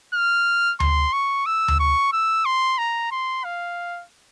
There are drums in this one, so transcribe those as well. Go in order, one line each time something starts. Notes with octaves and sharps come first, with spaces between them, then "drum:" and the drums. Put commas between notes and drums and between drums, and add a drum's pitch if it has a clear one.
F6
C6, drum: tom D2
C#6
E6
drum: tom D2
C#6
E6
C6
A#5
C6
F5